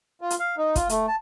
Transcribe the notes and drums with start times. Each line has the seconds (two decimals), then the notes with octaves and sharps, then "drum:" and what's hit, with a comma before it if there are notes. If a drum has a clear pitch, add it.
0.21 F4
0.30 drum: hi-hat
0.40 F5
0.58 D#4
0.76 F4, drum: kick, hi-hat
0.89 A3, drum: hi-hat
1.08 A5